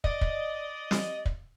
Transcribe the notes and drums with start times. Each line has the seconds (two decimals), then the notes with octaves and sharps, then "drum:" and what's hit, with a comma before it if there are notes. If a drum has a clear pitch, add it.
0.04 D5 D#5, drum: kick
0.21 drum: kick
0.91 drum: snare
1.26 drum: kick